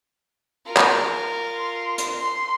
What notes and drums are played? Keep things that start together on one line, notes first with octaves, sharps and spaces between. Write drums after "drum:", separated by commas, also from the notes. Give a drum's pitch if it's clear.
F4 A#4
drum: clap
C6
drum: hi-hat
C6